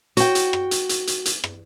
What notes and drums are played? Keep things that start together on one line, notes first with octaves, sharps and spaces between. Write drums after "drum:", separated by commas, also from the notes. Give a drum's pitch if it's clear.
F#4 G5, drum: hi-hat
drum: hi-hat
drum: rim click
drum: hi-hat
drum: hi-hat
drum: hi-hat
drum: hi-hat
drum: rim click